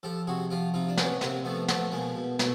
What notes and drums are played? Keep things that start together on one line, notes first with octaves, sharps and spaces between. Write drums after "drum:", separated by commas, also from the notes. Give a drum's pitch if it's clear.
F3 G4 A4
C3 F#4 G#4
F3 F4 G4
C3 D#4 F4
D4
C3 B3 C#4, drum: snare
C3 A#3 C4, drum: snare
F3 A3 B3
F3 A3 B3, drum: snare
B2 G#3 A#3
B2
B2 A3, drum: snare